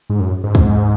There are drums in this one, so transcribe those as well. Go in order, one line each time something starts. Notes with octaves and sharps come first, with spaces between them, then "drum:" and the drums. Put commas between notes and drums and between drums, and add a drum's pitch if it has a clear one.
G#2
F#2
G#2
drum: kick